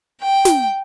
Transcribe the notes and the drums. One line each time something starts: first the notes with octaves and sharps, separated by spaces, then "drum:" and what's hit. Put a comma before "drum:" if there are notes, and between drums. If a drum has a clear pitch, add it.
G5
drum: snare